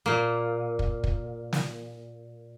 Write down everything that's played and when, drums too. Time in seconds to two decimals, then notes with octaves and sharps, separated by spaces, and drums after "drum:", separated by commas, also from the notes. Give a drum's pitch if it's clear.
0.06 A#2 A#3
0.79 drum: kick
1.04 drum: kick
1.53 drum: snare